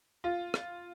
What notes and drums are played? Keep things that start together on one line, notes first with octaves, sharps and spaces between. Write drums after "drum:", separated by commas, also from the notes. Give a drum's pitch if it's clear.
F4
drum: rim click